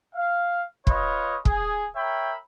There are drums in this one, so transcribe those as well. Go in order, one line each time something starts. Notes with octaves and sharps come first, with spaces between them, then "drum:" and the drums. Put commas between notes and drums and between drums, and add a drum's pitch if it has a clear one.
F5
F4 B4 C#5 D#5, drum: kick
G#4, drum: kick
A#4 C#5 E5 G5 B5